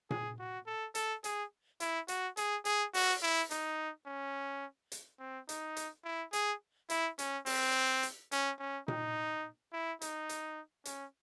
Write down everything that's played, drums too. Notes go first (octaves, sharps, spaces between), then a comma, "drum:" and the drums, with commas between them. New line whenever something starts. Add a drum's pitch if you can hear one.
G#4, drum: tom A#2
F#4
A4
A4, drum: hi-hat
G#4, drum: hi-hat
E4, drum: hi-hat
F#4, drum: hi-hat
G#4, drum: hi-hat
G#4, drum: hi-hat
F#4, drum: open hi-hat
E4
D#4, drum: hi-hat
C#4
drum: hi-hat
C4
D#4, drum: hi-hat
drum: hi-hat
E4
G#4, drum: hi-hat
E4, drum: hi-hat
C#4, drum: hi-hat
C4, drum: open hi-hat
drum: hi-hat
C#4, drum: hi-hat
C#4
D#4, drum: tom A#2
E4
D#4, drum: hi-hat
drum: hi-hat
C#4, drum: hi-hat